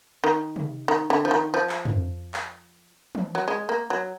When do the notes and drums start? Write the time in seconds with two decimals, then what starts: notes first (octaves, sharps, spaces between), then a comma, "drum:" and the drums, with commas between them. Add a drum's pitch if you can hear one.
0.24 D#3
0.56 drum: tom C3
0.88 D#3
1.10 D3
1.25 F3
1.31 D#3
1.54 F3
1.69 drum: clap
1.85 drum: tom F2
2.34 drum: clap
3.15 drum: tom E3
3.35 F#3
3.48 G#3
3.69 A#3
3.90 F#3